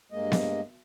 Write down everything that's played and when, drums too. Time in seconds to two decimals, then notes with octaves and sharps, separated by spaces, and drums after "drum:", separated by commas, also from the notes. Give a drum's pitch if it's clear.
0.12 G2 G#3 A#3 D#5
0.32 drum: snare B3